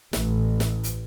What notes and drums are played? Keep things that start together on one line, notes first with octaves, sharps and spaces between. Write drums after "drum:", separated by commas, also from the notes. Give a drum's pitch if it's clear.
A1, drum: snare
drum: snare
drum: hi-hat